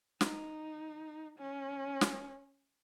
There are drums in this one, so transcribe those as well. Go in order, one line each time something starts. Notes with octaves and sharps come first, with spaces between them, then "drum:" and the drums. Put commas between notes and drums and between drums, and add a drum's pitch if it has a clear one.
D#4, drum: snare
C#4
drum: snare